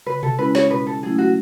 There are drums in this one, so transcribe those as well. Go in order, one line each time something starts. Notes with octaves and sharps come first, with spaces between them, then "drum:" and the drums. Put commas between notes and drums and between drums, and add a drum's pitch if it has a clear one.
C#3 B4
A4, drum: tom B2
G#3 C#4 E4 B4
C#5, drum: snare
B2 B4
A4
F#3 A3 C#4 E4 G#4
F#4